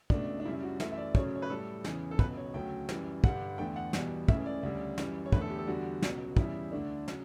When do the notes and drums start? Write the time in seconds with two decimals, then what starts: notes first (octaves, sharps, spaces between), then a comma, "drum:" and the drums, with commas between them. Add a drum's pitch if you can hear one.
0.10 C#2 B2 A3 D4, drum: kick
0.40 D4
0.45 F#2 C#3 G3 E4
0.63 F#4
0.80 F#2 E3 A3 E5, drum: snare
0.92 E5
0.98 D5
1.15 F#2 C#3 F#3 A3 C#5, drum: kick
1.35 C#5
1.42 B4
1.50 A2 G3 A4
1.84 E2 C#3 E3, drum: snare
2.11 A4
2.19 C#2 B2 F#3 B4, drum: kick
2.37 C#5
2.54 D2 C#3 F#3 A3 G5
2.89 F#2 E3 G3, drum: snare
3.24 G2 D3 G3 F#5, drum: kick
3.58 E2 D3 A3 G5
3.76 F#5
3.93 E2 B2 G3, drum: snare
4.28 C#2 C#3 E3 A3 E5, drum: kick
4.46 D5
4.63 D2 C#3 G3
4.98 F#2 E3 G3, drum: snare
5.26 C#5
5.32 E2 D3 A3 B4, drum: kick
5.41 A4
5.50 G4
5.58 A4
5.67 E2 D3 G3 F#4
6.02 C#2 B2 F#3, drum: snare
6.37 E2 C#3 G3 E4, drum: kick
6.72 D2 D3 A3 D4
7.08 C#3 F#3, drum: snare